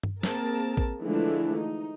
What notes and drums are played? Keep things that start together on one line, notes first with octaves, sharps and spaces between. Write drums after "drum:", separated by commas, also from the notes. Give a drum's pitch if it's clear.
drum: tom G2
A#3 C4 G#4 A#4 A5, drum: snare
drum: kick
D3 E3 F3 G#3 A3 D4
D#4